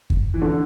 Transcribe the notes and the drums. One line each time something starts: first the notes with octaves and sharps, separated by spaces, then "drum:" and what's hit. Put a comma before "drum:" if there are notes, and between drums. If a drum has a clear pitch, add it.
drum: kick
E3
D3